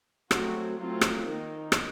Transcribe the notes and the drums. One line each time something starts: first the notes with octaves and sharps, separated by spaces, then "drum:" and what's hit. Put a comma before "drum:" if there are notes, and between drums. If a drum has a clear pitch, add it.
F#3 A3 C4 F#4, drum: rim click
F#3 A3 C4 F4
drum: rim click
D#3 A#3 D#4
drum: rim click